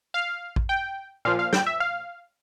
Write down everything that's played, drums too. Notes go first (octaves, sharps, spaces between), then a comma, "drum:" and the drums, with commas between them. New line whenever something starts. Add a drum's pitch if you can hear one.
F5
drum: kick A1
G5
A#2 F3 F5
F5
G5, drum: snare
E5
F5